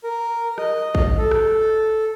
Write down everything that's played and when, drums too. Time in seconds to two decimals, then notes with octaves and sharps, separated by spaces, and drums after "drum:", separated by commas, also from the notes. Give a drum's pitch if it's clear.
0.04 A#4
0.58 D#5, drum: rim click
0.95 drum: kick A1
1.18 A4
1.31 drum: rim click